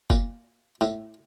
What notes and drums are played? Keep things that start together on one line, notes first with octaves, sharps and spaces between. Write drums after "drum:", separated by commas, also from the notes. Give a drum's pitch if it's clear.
A#2, drum: kick, tambourine
A2, drum: tambourine